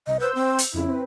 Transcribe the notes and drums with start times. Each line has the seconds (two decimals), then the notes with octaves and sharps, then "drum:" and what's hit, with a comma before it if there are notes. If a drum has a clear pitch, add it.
0.07 C2 D#5
0.20 B4 C5 E6 G6
0.35 C4
0.59 drum: hi-hat
0.73 F2 C#3 E4
0.87 C4 B4